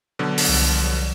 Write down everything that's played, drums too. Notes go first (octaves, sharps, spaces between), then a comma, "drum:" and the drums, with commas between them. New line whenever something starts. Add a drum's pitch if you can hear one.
B2 D3 F#3
drum: open hi-hat
C2 F3